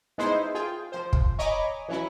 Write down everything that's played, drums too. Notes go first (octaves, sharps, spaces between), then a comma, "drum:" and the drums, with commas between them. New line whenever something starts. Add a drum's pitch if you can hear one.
G#3 B3 D#4 E4 G#4 C5
F4 G#4 G5
F3 C5
drum: kick
C#5 D#5 G#5 A#5 B5 D6
E3 F#3 C#4 E4